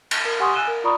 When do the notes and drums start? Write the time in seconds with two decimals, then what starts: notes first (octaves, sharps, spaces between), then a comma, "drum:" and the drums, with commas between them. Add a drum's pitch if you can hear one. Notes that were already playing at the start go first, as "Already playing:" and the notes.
0.11 A#6, drum: cymbal
0.25 A#4
0.40 G4 F#5 G#5 C6 C#6 D#6
0.54 G#5 E6 F#6 D#7 E7 G7
0.68 A#4
0.84 F4 D5 A#5 B5 C#6 D#6